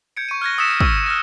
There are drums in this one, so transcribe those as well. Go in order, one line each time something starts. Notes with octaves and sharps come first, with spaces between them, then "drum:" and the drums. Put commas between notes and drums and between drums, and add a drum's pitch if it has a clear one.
G6 G#6 C#7 D7
C#6 D#7
F6 F#6 G#6 A#6
D#6 E6 A6 B6 C#7 E7
C#6 E6, drum: kick
F6 F#6 A#6